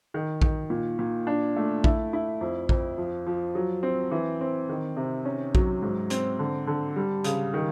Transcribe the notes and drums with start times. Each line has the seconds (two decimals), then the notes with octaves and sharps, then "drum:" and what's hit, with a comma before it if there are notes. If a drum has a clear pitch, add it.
0.14 D#3
0.42 D#3, drum: kick A#1
0.70 A#2
0.99 A#2
1.27 D4
1.56 A3
1.84 E4, drum: kick A#1
2.13 E4
2.41 F2
2.69 F2, drum: kick A#1
2.98 F3
3.27 F3
3.55 F#3
3.83 C4
4.11 E3
4.41 C4
4.69 D#3
4.97 C3
5.25 C#4
5.55 F#3, drum: kick A#1
5.82 G#2
6.10 C4, drum: hi-hat
6.39 D3
6.67 D3
6.96 G3
7.24 C#3, drum: hi-hat
7.54 D#3